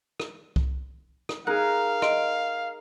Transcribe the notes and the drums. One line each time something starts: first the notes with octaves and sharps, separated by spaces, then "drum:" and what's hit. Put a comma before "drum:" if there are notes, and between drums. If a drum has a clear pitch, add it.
drum: rim click
drum: kick C2
drum: rim click
D#4 G#4 A#4 F5 F#6
D#5 C6 D7, drum: rim click